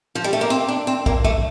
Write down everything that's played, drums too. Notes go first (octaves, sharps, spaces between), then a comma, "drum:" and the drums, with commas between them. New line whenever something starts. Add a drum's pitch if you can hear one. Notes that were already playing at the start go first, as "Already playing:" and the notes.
F3
G3
A3
A#3
C4
D4
C4
A#3, drum: kick
A3, drum: kick